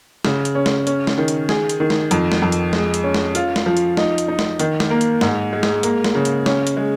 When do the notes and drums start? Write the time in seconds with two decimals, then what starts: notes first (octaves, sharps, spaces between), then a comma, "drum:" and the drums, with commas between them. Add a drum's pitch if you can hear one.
0.25 C#3, drum: snare
0.45 drum: hi-hat
0.55 C#4
0.66 drum: snare
0.87 C#4, drum: hi-hat
1.07 drum: snare
1.18 D#3
1.28 drum: hi-hat
1.49 G#4, drum: snare
1.69 drum: hi-hat
1.80 D#3
1.90 drum: snare
2.11 F2, drum: hi-hat
2.32 drum: snare
2.42 F2
2.52 drum: hi-hat
2.73 G#3, drum: snare
2.94 drum: hi-hat
3.04 C#4
3.14 drum: snare
3.35 F4, drum: hi-hat
3.56 drum: snare
3.66 F3
3.77 drum: hi-hat
3.97 D#4, drum: snare
4.18 drum: hi-hat
4.28 D#4
4.39 drum: snare
4.59 D#3, drum: hi-hat
4.80 drum: snare
4.90 A#3
5.01 drum: hi-hat
5.21 G#2, drum: snare
5.53 G#3
5.63 drum: snare
5.83 A#3, drum: hi-hat
6.04 drum: snare
6.15 C#3
6.25 drum: hi-hat
6.46 C#4, drum: snare
6.67 drum: hi-hat
6.77 G#3